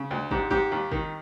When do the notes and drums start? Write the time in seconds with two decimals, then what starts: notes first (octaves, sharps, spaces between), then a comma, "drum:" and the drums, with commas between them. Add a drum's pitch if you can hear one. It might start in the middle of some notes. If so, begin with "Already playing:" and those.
Already playing: C#3
0.11 D2
0.31 G#2 G4, drum: kick
0.50 G#2 G4, drum: kick
0.72 D#2
0.91 D#3, drum: kick